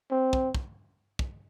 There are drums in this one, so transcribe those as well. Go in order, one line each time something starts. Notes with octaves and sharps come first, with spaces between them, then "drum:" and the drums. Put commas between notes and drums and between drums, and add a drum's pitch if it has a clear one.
C4
drum: kick
drum: kick
drum: kick